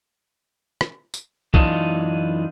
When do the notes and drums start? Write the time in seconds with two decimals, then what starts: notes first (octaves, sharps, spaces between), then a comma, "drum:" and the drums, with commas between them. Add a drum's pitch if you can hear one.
0.81 drum: rim click
1.14 drum: tambourine
1.54 F#2 E3 D4 D#4 F4, drum: kick